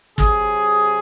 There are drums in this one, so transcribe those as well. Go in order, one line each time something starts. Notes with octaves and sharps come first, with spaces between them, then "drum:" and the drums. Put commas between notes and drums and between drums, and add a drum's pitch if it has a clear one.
C3 F#3 G#4, drum: kick